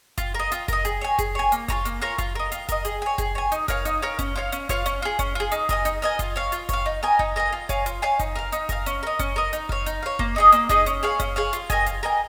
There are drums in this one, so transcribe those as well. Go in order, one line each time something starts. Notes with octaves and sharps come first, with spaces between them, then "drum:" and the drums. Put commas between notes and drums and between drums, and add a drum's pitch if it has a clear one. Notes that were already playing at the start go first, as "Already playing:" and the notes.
F4, drum: kick F#1, hi-hat
A#4 D#5
F4, drum: hi-hat
A#4 D#5, drum: kick F#1, hi-hat
G#4, drum: hi-hat
C#5 G#5
G#4, drum: kick F#1, hi-hat
C#5 G#5
A#3, drum: hi-hat
F4 A#4 C#5, drum: kick F#1, hi-hat
A#3, drum: hi-hat
F4 A#4 C#5
F4, drum: kick F#1, hi-hat
A#4 D#5
F4, drum: hi-hat
A#4 D#5, drum: kick F#1, hi-hat
G#4, drum: hi-hat
C#5 G#5
G#4, drum: kick F#1, hi-hat
C#5 G#5
D#4, drum: hi-hat
A#4 C#5 F5, drum: kick F#1, hi-hat
D#4, drum: hi-hat
A#4 C#5 F5
C#4, drum: kick F#1, hi-hat
F4 C#5 F5
C#4, drum: hi-hat
F4 C#5 F5, drum: kick F#1, hi-hat
C#4, drum: hi-hat
F4 G#4
C#4, drum: kick F#1, hi-hat
F4 G#4
D#4, drum: hi-hat
A#4 D#5 G#5, drum: kick F#1, hi-hat
D#4, drum: hi-hat
A#4 D#5 G#5
F4, drum: kick F#1, hi-hat
C#5 F5
F4, drum: hi-hat
C#5 F5, drum: kick F#1, hi-hat
D#4
A#4 D#5 G#5
D#4, drum: kick F#1
A#4 D#5 G#5
F4
C#5 F5 G#5, drum: kick F#1, hi-hat
F4, drum: hi-hat
C#5 F5 G#5
D#4, drum: kick F#1, hi-hat
A#4 F5
D#4, drum: hi-hat
A#4 F5, drum: kick F#1, hi-hat
C#4, drum: hi-hat
A#4 D#5
C#4, drum: kick F#1, hi-hat
A#4 D#5
D#4, drum: hi-hat
C#5 F5, drum: kick F#1
D#4, drum: hi-hat
C#5 F5
A#3, drum: kick F#1
D#4 G#4 D#5
A#3, drum: hi-hat
D#4 G#4 D#5, drum: kick F#1, hi-hat
C#4, drum: hi-hat
G#4 C#5 F5
C#4, drum: kick F#1, hi-hat
G#4 C#5 F5
F4, drum: hi-hat
A#4 D#5 G#5, drum: kick F#1, hi-hat
F4, drum: hi-hat
A#4 D#5 G#5